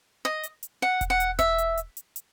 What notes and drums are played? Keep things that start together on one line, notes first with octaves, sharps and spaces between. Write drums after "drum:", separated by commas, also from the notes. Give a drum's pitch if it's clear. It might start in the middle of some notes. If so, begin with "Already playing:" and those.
D#5
drum: hi-hat
drum: hi-hat
F#5
drum: kick E1, hi-hat
F#5
drum: hi-hat
E5, drum: kick E1, hi-hat
drum: hi-hat
drum: hi-hat
drum: hi-hat
drum: hi-hat